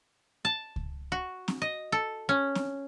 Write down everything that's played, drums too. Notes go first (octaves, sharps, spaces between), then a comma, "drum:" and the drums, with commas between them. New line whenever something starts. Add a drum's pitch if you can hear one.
A5
drum: kick C#2
F#4
drum: snare C4
D#5
A4
C#4
drum: snare C4